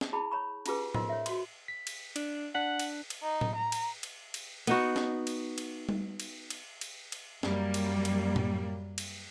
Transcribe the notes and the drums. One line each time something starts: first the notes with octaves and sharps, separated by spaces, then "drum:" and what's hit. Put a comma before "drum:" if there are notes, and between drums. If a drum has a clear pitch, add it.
drum: snare
E4 G#4 A5 B5
C#5 A#5 B5 C#6
C#4 D#4 F4 G4 G#4 B4, drum: cymbal
F4 A#4 C5 D#5 C6, drum: tom A2
C#5 E5
F#4 C6, drum: cymbal
B6
drum: cymbal
D4, drum: cymbal
D4 F#5 F#6 B6
drum: cymbal
drum: cymbal
D#4
drum: tom A2
A#5
drum: cymbal
drum: cymbal
drum: cymbal
B3 D#4 F#4, drum: cymbal
drum: snare
drum: cymbal
drum: cymbal
drum: tom G3
drum: cymbal
drum: cymbal
drum: cymbal
drum: cymbal
F#2 G3 A#3, drum: snare
drum: cymbal
drum: cymbal
drum: tom A2
drum: cymbal